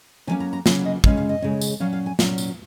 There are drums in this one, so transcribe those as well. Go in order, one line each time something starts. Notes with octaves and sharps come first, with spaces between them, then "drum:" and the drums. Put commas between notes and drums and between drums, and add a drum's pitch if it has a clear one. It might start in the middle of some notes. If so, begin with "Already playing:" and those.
C#3 F#3 A#3 C#4 G#5
A#5
A#5
C#3 F#3 A#3 C#4 F#5, drum: snare
D#5
C#3 G#3 C#4 F5, drum: kick
F5
D#5
C#3 G#3 C#4
drum: tambourine
A#2 F#3 C#4 F5
F5
G#5
A#2 F#3 C#4, drum: snare
drum: tambourine